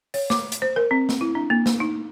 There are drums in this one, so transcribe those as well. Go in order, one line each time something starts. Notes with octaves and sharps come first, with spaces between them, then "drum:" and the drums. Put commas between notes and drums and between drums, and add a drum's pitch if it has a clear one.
C#5, drum: open hi-hat
D6, drum: snare
drum: hi-hat
C5
A#4
C4
drum: snare
E4
D4
A#3
drum: snare
D#4